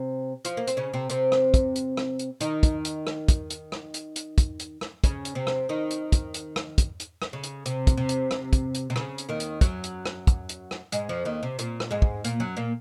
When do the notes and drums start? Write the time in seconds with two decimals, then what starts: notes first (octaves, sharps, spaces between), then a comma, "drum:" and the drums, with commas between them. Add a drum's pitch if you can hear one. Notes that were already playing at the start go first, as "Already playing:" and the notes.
Already playing: C3 C4
0.45 F3 F4, drum: hi-hat
0.57 A#3
0.67 C4, drum: hi-hat
0.77 C#3 C#4
0.93 C3 C4
1.09 C3 C4, drum: hi-hat
1.32 drum: rim click
1.54 drum: kick, hi-hat
1.76 drum: hi-hat
1.97 drum: rim click
2.19 drum: hi-hat
2.41 D#3 D#4, drum: hi-hat
2.63 drum: kick, hi-hat
2.85 drum: hi-hat
3.07 drum: rim click
3.28 drum: kick, hi-hat
3.50 drum: hi-hat
3.72 drum: rim click
3.94 drum: hi-hat
4.16 drum: hi-hat
4.38 drum: kick, hi-hat
4.60 drum: hi-hat
4.81 drum: rim click
5.04 C#3 C#4, drum: kick, hi-hat
5.25 drum: hi-hat
5.35 C3 C4
5.47 drum: rim click
5.69 D#3 D#4
5.91 drum: hi-hat
6.12 drum: kick, hi-hat
6.34 drum: hi-hat
6.56 drum: rim click
6.78 drum: kick, hi-hat
7.00 drum: hi-hat
7.22 drum: rim click
7.33 C#3
7.43 drum: hi-hat
7.66 C3, drum: hi-hat
7.87 drum: kick, hi-hat
7.97 C3
8.09 drum: hi-hat
8.31 drum: rim click
8.53 drum: kick, hi-hat
8.74 drum: hi-hat
8.90 C3
8.96 C#3, drum: rim click
9.18 drum: hi-hat
9.29 D#2 D#3
9.40 drum: hi-hat
9.61 F#2 F#3, drum: kick, hi-hat
9.84 drum: hi-hat
10.06 drum: rim click
10.27 drum: kick, hi-hat
10.49 drum: hi-hat
10.71 drum: rim click
10.92 G#2 G#3, drum: hi-hat
11.09 F2 F3
11.25 D#2 D#3
11.43 C3
11.59 A#2, drum: hi-hat
11.80 drum: rim click
11.91 G#2 G#3
12.02 drum: kick
12.24 A#2 A#3, drum: hi-hat
12.40 F#2 F#3
12.57 A#2 A#3